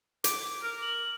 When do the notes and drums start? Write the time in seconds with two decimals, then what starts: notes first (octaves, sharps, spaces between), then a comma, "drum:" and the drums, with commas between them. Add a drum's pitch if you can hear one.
0.24 D6, drum: hi-hat
0.63 A#4
0.82 F#7